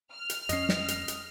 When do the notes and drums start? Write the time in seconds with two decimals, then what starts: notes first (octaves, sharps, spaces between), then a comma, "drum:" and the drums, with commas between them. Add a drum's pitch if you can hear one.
0.13 F6
0.30 drum: hi-hat
0.49 F2 C#4 D#5 C7, drum: hi-hat
0.69 drum: snare
0.88 drum: hi-hat
1.08 drum: hi-hat